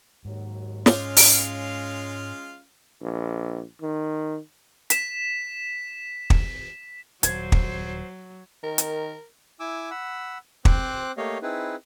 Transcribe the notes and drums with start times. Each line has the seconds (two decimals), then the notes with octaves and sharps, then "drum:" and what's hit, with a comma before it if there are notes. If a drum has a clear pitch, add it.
0.25 D#2 G#2 F#3
0.86 G#3 C#4 F4 C#5 F5 D6, drum: snare
1.16 drum: open hi-hat
3.02 A#1
3.82 D#3
4.90 B6 E7, drum: hi-hat
6.30 drum: kick
7.23 D#1 F#3 C5 G#6, drum: hi-hat
7.52 drum: kick
8.63 D#3 A#4
8.78 drum: hi-hat
9.60 E4 G#5 D6 E6
9.91 F#5 B5 E6
10.65 C4 C5 D6 F#6, drum: kick
11.17 A3 A#3 G4 C#5 D#5 F5
11.42 C4 D#4 E4 G#4 B4